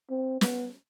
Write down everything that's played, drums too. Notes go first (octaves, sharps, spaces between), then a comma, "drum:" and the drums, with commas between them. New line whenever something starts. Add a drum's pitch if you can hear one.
C4
B3, drum: snare